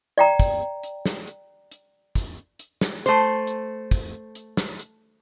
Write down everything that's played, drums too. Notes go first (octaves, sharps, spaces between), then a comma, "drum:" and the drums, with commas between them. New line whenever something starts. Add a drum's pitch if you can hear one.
D5 G5 A#5
drum: kick, hi-hat
drum: hi-hat
drum: snare
drum: hi-hat
drum: hi-hat
drum: kick, hi-hat
drum: hi-hat
drum: snare
A3 C5, drum: hi-hat
drum: hi-hat
drum: kick, hi-hat
drum: hi-hat
drum: snare
drum: hi-hat